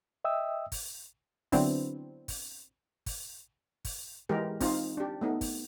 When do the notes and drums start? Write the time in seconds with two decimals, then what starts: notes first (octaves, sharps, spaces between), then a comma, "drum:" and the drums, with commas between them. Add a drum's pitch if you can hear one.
0.24 D#5 E5 G5 D#6 E6
0.72 drum: kick, open hi-hat
1.52 D3 F#3 B3 C4 D4 E4, drum: kick, open hi-hat
2.28 drum: kick, open hi-hat
3.06 drum: kick, open hi-hat
3.85 drum: kick, open hi-hat
4.29 E3 G#3 G4 A#4
4.60 C4 D#4 F4, drum: kick, open hi-hat
4.97 D4 G4
5.21 A3 B3 D#4
5.41 drum: kick, open hi-hat